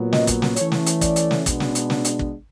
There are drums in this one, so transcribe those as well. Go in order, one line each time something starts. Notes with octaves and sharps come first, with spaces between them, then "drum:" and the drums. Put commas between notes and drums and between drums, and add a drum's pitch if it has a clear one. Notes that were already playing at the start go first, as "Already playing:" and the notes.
Already playing: A#2 F#3 B3
D#5, drum: snare
drum: kick, hi-hat
drum: snare
E3 A3 C#4 C#5, drum: hi-hat
drum: snare
drum: hi-hat
D5, drum: kick, hi-hat
drum: hi-hat
drum: snare
B2 G#3 B3 D4, drum: kick, hi-hat
drum: snare
drum: hi-hat
drum: snare
drum: hi-hat
drum: kick